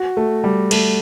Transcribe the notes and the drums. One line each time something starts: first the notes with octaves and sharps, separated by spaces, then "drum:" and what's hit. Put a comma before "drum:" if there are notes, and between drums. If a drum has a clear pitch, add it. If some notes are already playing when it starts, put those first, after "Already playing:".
Already playing: F#4
A3
G3
A3, drum: cymbal